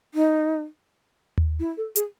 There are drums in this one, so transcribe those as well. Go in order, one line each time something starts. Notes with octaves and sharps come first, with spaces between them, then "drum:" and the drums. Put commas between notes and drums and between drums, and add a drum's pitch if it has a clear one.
D#4
drum: tom D#2
E4
A4
G#4, drum: hi-hat